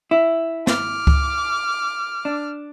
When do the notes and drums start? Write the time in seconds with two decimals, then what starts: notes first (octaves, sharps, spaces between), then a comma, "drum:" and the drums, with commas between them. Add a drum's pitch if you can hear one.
0.11 E4
0.67 D6 F6, drum: snare
1.07 drum: kick C#2
2.25 D4